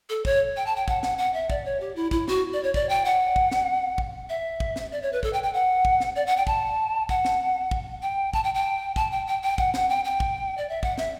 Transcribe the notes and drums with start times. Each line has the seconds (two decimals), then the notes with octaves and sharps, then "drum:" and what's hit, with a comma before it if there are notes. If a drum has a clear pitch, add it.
0.09 A4
0.25 C#5, drum: kick
0.56 G5
0.66 A5
0.76 G5
0.88 F#5, drum: kick
1.03 F#5, drum: snare
1.18 F#5
1.34 E5
1.50 D5, drum: kick
1.65 C#5
1.80 G4
1.96 E4
2.11 E4, drum: kick
2.28 F#4, drum: snare
2.53 D5
2.63 C#5
2.74 D5, drum: kick
2.89 G5
3.05 F#5
3.36 drum: kick
3.51 drum: snare
3.98 drum: kick
4.29 E5
4.60 drum: kick
4.76 drum: snare
4.92 D5
5.02 C#5
5.12 B4
5.23 A4, drum: kick
5.33 G5
5.43 G5
5.54 F#5
5.85 drum: kick
6.00 drum: snare
6.16 D5
6.26 F#5
6.37 G5
6.47 A5, drum: kick
7.09 F#5, drum: kick
7.25 drum: snare
7.71 drum: kick
8.02 G5
8.33 A5, drum: kick
8.44 G5
8.54 G5
8.96 A5, drum: kick
9.11 G5
9.27 G5
9.42 G5
9.58 F#5, drum: kick
9.74 F#5, drum: snare
9.89 G5
10.05 G5
10.20 drum: kick
10.57 D5
10.69 E5
10.83 F#5, drum: kick
10.98 E5, drum: snare